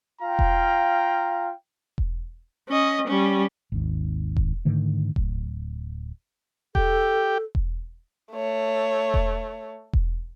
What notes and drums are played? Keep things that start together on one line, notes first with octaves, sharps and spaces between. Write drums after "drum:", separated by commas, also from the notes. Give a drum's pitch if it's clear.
F4 F5 G5 A#5
drum: kick E1
drum: kick E1
C#4 D#5
G3 C#4
G#1 D#2
drum: kick E1
G#2 D3 D#3 A3
D1, drum: kick E1
G4 A4, drum: kick E1
drum: kick E1
A3 C#5
drum: kick E1
drum: kick E1